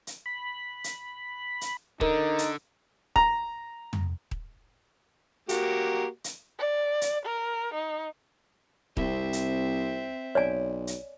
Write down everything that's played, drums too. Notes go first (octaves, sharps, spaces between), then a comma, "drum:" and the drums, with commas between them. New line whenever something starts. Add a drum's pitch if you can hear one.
drum: hi-hat
B5
drum: hi-hat
drum: hi-hat
D3 D#4 A#4, drum: kick D#1
drum: hi-hat
A#5, drum: kick D#1
drum: tom
drum: kick D#1
A#3 F#4 G4, drum: hi-hat
drum: hi-hat
D5
drum: hi-hat
A#4
D#4
C2 C4 E5, drum: kick D#1
drum: hi-hat
B1 C#5 D5 G#5
drum: hi-hat